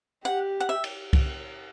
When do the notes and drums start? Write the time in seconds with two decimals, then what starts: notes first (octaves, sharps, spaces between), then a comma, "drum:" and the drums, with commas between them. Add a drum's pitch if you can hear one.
0.25 G4 F#5
0.60 F#5
0.69 E5
0.84 drum: cymbal
1.13 drum: kick, cymbal